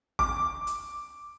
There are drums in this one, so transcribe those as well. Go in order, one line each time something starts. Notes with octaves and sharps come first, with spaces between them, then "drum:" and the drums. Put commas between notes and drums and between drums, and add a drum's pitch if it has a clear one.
D6, drum: kick
drum: hi-hat